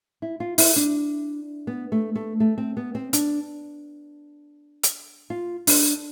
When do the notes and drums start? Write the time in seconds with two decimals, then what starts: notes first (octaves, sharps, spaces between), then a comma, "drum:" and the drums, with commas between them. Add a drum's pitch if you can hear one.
0.22 E4
0.40 F4
0.58 E4, drum: open hi-hat
0.76 D4
1.67 B3
1.92 A3
2.16 A3
2.40 A3
2.58 C4
2.77 B3
2.95 C4
3.13 D4, drum: hi-hat
4.83 drum: hi-hat
5.30 F4
5.67 D4, drum: open hi-hat